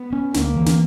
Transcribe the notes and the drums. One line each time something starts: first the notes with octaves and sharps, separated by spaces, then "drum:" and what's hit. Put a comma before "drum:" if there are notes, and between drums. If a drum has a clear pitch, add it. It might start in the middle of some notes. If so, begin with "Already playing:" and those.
Already playing: B3
C#4
D2 A#3, drum: snare
E3
drum: snare